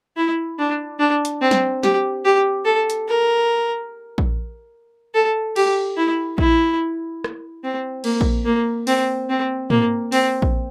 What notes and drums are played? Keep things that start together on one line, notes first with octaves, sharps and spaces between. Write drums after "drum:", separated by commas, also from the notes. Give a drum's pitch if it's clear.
E4
D4
D4
drum: hi-hat
C4
drum: snare
G4, drum: snare
G4
A4
drum: hi-hat
A#4
drum: kick A#1
A4
G4, drum: cymbal
E4
E4, drum: kick A#1
drum: rim click
C4
A#3, drum: cymbal
drum: kick A#1
A#3
C4, drum: open hi-hat
C4
A#3, drum: tom
C4, drum: open hi-hat
drum: kick A#1